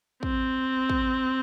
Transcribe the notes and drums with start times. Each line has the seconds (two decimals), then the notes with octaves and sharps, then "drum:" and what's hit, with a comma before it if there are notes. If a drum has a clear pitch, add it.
0.23 C4, drum: kick
0.90 drum: kick